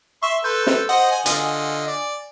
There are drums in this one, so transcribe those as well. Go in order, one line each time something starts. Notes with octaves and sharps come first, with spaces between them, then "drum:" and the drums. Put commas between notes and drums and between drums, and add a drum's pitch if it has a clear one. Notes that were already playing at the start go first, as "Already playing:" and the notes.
E5 C6 C#6
A4 B4 C6 G6
drum: snare
C5 D#5 F#5, drum: cymbal
G#5
D3 F4 D#5 G#5, drum: hi-hat
D5